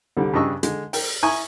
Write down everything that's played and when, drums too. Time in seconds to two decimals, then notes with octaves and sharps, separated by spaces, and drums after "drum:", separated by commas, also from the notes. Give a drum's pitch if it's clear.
0.17 C2 D3 G3
0.34 G2 C#3 D4 D#5 C#6 E6
0.63 D3 G#3, drum: hi-hat
0.93 A#4 G5, drum: open hi-hat
1.23 E4 G#5 A#5 C#6 D#6